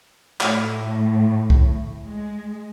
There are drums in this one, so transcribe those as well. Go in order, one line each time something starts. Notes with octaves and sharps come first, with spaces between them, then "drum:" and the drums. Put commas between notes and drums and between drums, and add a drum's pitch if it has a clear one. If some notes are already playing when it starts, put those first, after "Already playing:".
A2, drum: clap
drum: kick C2
G#3